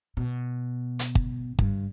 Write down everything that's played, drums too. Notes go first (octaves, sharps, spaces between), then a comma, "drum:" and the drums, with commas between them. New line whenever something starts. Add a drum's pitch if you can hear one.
B2
drum: hi-hat
drum: kick
G2, drum: kick